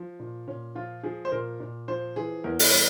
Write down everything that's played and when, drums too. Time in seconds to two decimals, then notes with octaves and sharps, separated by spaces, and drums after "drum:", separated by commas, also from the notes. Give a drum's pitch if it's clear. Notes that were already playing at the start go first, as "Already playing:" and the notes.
Already playing: F3
0.20 A#2
0.47 A#2 C#4
0.75 F3 F4
1.04 F3 G#4
1.25 C5
1.32 A#2 A#4
1.60 A#2
1.88 F3 C5
2.16 E3 G#4
2.44 E2 A#4
2.59 drum: open hi-hat
2.72 G3 C#5